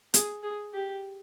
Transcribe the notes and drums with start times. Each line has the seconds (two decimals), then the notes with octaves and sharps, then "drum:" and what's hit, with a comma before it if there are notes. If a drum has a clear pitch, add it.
0.14 G#4, drum: hi-hat
0.43 G#4
0.74 G4